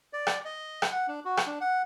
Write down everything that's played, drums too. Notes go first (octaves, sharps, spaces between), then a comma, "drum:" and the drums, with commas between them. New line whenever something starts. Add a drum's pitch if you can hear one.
D5
drum: rim click
D#5
drum: rim click
F#5
D4
F#4
drum: rim click
D4
F#5